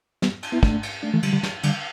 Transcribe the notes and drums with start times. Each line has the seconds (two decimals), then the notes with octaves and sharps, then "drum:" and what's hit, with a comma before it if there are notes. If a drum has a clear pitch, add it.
0.22 G3 B3, drum: snare
0.43 drum: cymbal
0.52 B3 E4
0.63 A3 D4, drum: kick
0.83 drum: cymbal
1.03 A3 D4
1.14 E3 A3
1.23 D3 G3, drum: cymbal
1.33 D3 G3
1.43 drum: snare
1.63 D3 G3, drum: cymbal